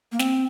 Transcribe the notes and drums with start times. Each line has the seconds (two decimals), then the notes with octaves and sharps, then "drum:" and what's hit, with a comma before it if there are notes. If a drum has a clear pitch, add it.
0.12 A#3
0.19 C4, drum: snare